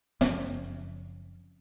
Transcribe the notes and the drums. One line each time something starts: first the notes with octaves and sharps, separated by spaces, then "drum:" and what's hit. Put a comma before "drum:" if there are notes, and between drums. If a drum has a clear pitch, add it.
F#1 F3 C4 C#4, drum: snare